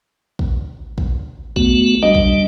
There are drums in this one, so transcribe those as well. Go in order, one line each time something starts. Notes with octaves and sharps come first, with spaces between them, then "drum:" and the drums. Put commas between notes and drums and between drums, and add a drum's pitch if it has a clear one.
drum: kick
drum: kick
A3 B3 F#4, drum: kick
G3 D4 D#5
drum: kick